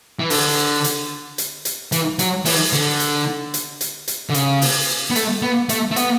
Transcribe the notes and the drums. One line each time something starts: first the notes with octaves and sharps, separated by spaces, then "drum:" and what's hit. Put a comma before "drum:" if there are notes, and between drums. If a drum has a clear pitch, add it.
E3
D3, drum: open hi-hat
drum: hi-hat
drum: hi-hat
drum: hi-hat
E3, drum: hi-hat
F#3, drum: hi-hat
E3, drum: open hi-hat
D3
drum: hi-hat
drum: hi-hat
drum: hi-hat
drum: hi-hat
D3
C#3, drum: hi-hat
drum: open hi-hat
B3
A3, drum: hi-hat
B3
A3, drum: hi-hat
A3
B3, drum: hi-hat